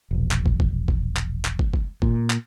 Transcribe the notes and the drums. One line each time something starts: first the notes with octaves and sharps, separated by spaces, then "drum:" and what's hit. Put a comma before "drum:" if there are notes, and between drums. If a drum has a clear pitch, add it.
E1 A#1
drum: clap
drum: kick
drum: kick
drum: kick
drum: clap
drum: clap
drum: kick
drum: kick
A#2, drum: kick
drum: clap